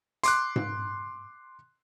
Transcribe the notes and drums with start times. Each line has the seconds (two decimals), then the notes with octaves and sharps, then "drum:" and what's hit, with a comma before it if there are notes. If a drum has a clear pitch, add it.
0.23 C6 D6 F#6, drum: hi-hat
0.56 drum: tom G#2